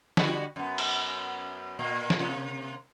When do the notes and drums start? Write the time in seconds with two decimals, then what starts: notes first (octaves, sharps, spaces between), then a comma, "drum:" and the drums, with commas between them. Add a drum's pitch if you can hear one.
0.17 D3 G3 F#4, drum: snare
0.56 F#2 B3
0.78 drum: cymbal
1.79 A#2 A#3
2.10 drum: snare
2.20 C3 A#3